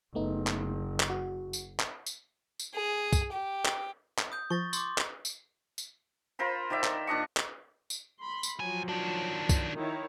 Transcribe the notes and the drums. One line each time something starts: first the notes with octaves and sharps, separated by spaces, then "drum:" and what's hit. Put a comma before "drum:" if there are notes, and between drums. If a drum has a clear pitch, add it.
F#1 A3 B3 D#4
drum: clap
drum: clap
F#4
drum: tambourine
drum: clap
drum: tambourine
drum: tambourine
G#4
drum: kick, tambourine
G4
drum: clap
drum: clap
D#6 G6
F3 C#6 A6 A#6
C6 D6, drum: tambourine
drum: clap
drum: tambourine
drum: tambourine
F4 A#4 C5 B5
D#3 C5 D5 E5
drum: clap
A#2 D4 D#5 C#6
drum: clap
drum: tambourine
B5 C6
drum: tambourine
G2 F3 F#3 G#5
D#3 D4
drum: kick, tambourine
D#3 E4 C#5